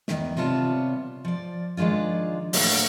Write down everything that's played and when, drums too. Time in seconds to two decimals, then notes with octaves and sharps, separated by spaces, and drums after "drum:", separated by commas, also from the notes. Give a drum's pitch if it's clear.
0.08 E2 D#3, drum: snare
0.37 C3 G3 B3 F4 C#5 A5
1.25 F3 D5
1.77 D#3 F3 G#3 D4 F4
2.53 A2 D3 A3 A#3 F5 F#5, drum: open hi-hat